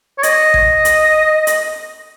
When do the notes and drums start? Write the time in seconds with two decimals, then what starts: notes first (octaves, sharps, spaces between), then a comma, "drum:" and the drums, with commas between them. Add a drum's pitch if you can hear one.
0.18 C#5
0.23 D#5, drum: hi-hat
0.54 drum: kick G#1
0.85 drum: hi-hat
1.47 drum: hi-hat